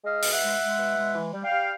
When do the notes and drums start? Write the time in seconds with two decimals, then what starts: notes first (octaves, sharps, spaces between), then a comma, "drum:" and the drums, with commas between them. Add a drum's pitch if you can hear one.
0.05 G#3 D#5 F5
0.22 B2, drum: open hi-hat
0.32 E5 F#5
0.42 G#3
0.59 G#3
0.79 B2
0.96 G#3
1.15 E3
1.34 G3
1.43 F5 G5
1.52 G3